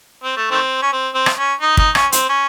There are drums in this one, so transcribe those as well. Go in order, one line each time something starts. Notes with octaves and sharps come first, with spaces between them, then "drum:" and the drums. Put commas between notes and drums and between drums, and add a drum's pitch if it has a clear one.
C4
A3
D#3 A3 C4
C#4
C4
C4
drum: rim click
C#4
D#4
D#4, drum: kick
C#4, drum: rim click
C4, drum: hi-hat
C#4